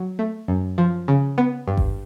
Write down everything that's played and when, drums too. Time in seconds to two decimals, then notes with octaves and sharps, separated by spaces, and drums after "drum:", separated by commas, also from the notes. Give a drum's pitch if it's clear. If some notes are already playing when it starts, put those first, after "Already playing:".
Already playing: F#3
0.19 A3
0.48 F#2
0.78 F3
1.08 C#3
1.38 B3
1.68 G2
1.77 drum: kick G#1